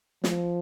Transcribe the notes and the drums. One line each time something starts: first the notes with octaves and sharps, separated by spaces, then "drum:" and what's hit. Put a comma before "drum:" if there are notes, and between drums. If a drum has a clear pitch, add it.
F3, drum: snare